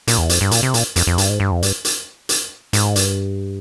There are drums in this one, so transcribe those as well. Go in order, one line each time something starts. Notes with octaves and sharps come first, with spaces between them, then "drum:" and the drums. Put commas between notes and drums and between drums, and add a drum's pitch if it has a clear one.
A#2, drum: hi-hat
E2
F2, drum: hi-hat
G2
A#2, drum: hi-hat
C3
A#2, drum: hi-hat
F2, drum: hi-hat
F2
G2, drum: hi-hat
G#2
G2
F2
G2, drum: hi-hat
drum: hi-hat
drum: hi-hat
G#2, drum: hi-hat
G2, drum: hi-hat